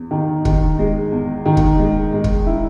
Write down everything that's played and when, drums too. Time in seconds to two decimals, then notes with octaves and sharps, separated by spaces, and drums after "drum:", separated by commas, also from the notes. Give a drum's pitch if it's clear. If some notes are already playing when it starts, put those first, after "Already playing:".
Already playing: E2
0.11 D#3
0.45 D#3, drum: kick
0.79 G#3
1.12 E2
1.46 D#3
1.57 drum: kick
1.79 G#3
2.13 G#3
2.24 drum: kick
2.46 E4